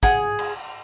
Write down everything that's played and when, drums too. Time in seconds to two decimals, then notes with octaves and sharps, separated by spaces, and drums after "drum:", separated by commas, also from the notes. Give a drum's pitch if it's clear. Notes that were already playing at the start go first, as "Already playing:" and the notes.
0.03 G#4 F#5, drum: kick
0.39 drum: cymbal